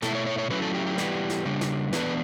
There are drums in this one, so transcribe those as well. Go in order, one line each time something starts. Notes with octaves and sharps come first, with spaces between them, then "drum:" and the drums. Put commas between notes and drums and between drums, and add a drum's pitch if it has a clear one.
B2 A3 E4 A4, drum: snare
C#5
C#5
C#5
F#3 A3 C#4 E4 B4
A4
G4
G4
E3 G3 B3, drum: snare
drum: snare
C#3 G3 D4
drum: snare
E3 B3 D4 B4, drum: snare